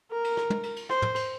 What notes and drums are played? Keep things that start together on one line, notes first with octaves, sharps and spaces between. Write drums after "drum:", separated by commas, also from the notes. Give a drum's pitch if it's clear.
A#4
drum: cymbal
drum: rim click
drum: tom
drum: cymbal
drum: cymbal
C5, drum: rim click
drum: tom
drum: cymbal